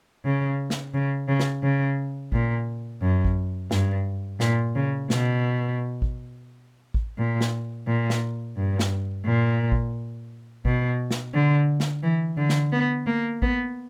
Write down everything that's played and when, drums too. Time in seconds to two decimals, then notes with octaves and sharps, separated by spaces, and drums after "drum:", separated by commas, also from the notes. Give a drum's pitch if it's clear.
0.25 C#3
0.70 drum: snare
0.94 C#3
1.28 C#3
1.40 drum: snare
1.63 C#3
2.32 A#2, drum: kick A1
3.02 F#2
3.25 drum: kick A1
3.71 G2, drum: snare
4.40 A#2, drum: snare
4.75 C#3
5.10 B2, drum: snare
6.02 drum: kick A1
6.94 drum: kick A1
7.18 A#2
7.41 drum: snare
7.87 A#2
8.10 drum: snare
8.56 G2
8.79 drum: snare
9.25 A#2
9.72 drum: kick A1
10.65 B2, drum: kick A1
11.11 drum: snare
11.34 D3
11.80 drum: snare
12.03 E3
12.37 D3
12.49 drum: snare
12.72 B3
13.07 A#3
13.42 B3, drum: kick A1